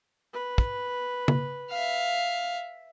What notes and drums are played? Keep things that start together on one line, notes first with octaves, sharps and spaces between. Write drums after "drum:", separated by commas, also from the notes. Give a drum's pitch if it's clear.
B4
drum: kick
drum: tom C#3
E5 F5